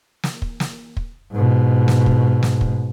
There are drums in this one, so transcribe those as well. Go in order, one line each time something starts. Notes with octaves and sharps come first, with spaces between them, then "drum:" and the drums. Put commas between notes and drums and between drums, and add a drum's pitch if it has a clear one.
drum: snare
drum: kick
drum: snare
drum: kick
G#2 B2
drum: snare
drum: kick
drum: snare
drum: kick